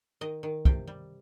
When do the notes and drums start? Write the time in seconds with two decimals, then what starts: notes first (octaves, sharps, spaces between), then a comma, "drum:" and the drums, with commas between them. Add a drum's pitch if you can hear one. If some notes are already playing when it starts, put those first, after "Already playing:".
0.21 D#3 D#5
0.43 D#3
0.65 C3 G5, drum: kick
0.87 G3